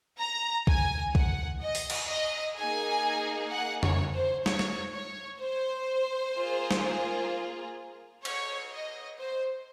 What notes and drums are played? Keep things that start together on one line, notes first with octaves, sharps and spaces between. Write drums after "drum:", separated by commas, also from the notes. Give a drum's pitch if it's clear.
A#5
G#5, drum: kick B1
F#5, drum: kick B1
D#5
drum: open hi-hat
drum: cymbal
D#5
A#3 D#4 G#4 G#5
F#5
C#5, drum: tom
C5
C#5, drum: snare
drum: snare
C#5
C5
A#3 F4 G#4
drum: snare
C#5, drum: cymbal
D#5
C5